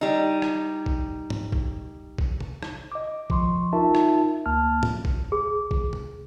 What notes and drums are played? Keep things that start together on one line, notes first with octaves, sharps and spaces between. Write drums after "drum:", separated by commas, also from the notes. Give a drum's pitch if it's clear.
G3 D#4
drum: rim click
drum: kick A#1
drum: tom G#2
drum: kick A#1
drum: kick A#1
drum: tom C3
drum: rim click
D#5 D6
F3 C6 C#6, drum: kick A#1
D#4 F4 A#4 E5 A5
drum: rim click
D2 A#3 A5 F6
drum: tom
drum: kick A#1
G#4
drum: kick A#1
drum: tom C3